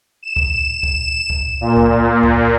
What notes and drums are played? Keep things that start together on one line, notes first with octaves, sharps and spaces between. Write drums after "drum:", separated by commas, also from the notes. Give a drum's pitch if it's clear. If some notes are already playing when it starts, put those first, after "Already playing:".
E7
drum: kick C#2
drum: kick C#2
drum: kick C#2
A#2
drum: kick C#2
drum: kick C#2